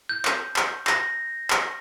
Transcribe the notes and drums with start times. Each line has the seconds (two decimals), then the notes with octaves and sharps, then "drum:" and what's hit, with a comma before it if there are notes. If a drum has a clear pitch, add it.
0.09 G6
0.25 G6, drum: clap
0.56 drum: clap
0.87 A#6, drum: clap
1.50 drum: clap